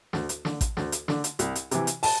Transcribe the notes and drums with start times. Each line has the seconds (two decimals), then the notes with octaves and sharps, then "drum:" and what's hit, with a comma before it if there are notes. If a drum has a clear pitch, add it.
0.13 D2, drum: snare
0.29 drum: hi-hat
0.45 D3, drum: snare
0.61 drum: kick A1, hi-hat
0.77 D2, drum: snare
0.92 drum: hi-hat
1.08 D3, drum: snare
1.24 drum: hi-hat
1.39 C2, drum: hi-hat
1.55 drum: hi-hat
1.71 C3 E3, drum: hi-hat
1.87 drum: hi-hat
2.03 A5, drum: open hi-hat